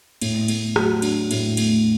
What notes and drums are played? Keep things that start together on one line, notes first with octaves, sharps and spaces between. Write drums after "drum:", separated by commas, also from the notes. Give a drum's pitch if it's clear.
A2, drum: cymbal
A3, drum: cymbal
F#3, drum: rim click
D4, drum: cymbal
A2, drum: cymbal
A3, drum: cymbal